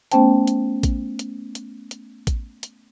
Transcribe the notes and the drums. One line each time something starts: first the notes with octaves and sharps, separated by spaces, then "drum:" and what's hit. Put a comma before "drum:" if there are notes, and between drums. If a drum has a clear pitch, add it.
A3 B3 C#4 C5 G5 A5, drum: hi-hat
drum: hi-hat
drum: kick A1, hi-hat
drum: hi-hat
drum: hi-hat
drum: hi-hat
drum: kick A1, hi-hat
drum: hi-hat